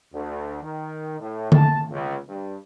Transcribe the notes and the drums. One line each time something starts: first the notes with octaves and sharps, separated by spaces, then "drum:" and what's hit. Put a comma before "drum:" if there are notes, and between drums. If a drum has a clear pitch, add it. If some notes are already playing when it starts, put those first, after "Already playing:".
D2
D#3
A2
A5, drum: tom D3
C#2
G2